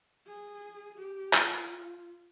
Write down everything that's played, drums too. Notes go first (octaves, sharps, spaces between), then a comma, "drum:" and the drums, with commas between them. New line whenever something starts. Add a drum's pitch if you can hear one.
G#4
G4
F4, drum: clap